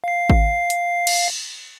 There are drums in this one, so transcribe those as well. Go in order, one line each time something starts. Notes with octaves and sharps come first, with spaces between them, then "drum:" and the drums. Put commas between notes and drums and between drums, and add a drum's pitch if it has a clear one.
F5 C7
drum: kick G#1
drum: hi-hat
drum: cymbal